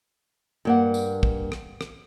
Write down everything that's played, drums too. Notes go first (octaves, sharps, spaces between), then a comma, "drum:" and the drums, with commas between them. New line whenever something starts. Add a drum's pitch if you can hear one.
G2 A#3 F#5
drum: tambourine
drum: kick
drum: rim click
drum: rim click